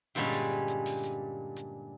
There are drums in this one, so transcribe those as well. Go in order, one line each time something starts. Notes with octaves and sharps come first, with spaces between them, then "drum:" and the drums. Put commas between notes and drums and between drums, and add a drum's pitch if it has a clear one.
G2 A#2 D3 G3 G#3 C#4
drum: open hi-hat
drum: hi-hat
drum: open hi-hat
drum: hi-hat
drum: hi-hat